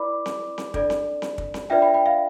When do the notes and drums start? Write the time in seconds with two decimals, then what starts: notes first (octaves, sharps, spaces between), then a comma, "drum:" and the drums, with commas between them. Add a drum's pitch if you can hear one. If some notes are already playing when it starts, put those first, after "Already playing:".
Already playing: E4 B4 D5 B5 D6
0.26 drum: snare C4
0.58 drum: snare C4
0.74 D4 A4 D5, drum: kick
0.90 drum: snare C4
1.22 drum: snare C4
1.38 drum: kick
1.54 drum: snare C4
1.70 D4 F4 B4 D5 E5 G5
1.82 G5 B5
1.94 G5 B5
2.06 F5